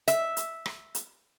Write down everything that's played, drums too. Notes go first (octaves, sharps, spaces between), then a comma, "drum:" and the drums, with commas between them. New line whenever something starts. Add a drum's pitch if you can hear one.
E5, drum: hi-hat
drum: hi-hat
drum: rim click
drum: hi-hat